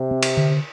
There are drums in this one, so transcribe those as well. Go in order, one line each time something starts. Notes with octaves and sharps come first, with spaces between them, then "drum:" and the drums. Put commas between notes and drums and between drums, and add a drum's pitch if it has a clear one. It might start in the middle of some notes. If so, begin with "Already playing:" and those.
Already playing: C3
C4
drum: cymbal
D3